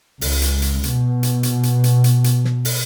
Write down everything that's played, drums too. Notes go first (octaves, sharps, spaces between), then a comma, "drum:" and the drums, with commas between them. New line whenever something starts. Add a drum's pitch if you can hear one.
C#2, drum: open hi-hat
drum: hi-hat
drum: hi-hat
B2, drum: hi-hat
drum: hi-hat
drum: hi-hat
drum: hi-hat
drum: hi-hat
drum: hi-hat
drum: hi-hat
drum: snare
drum: open hi-hat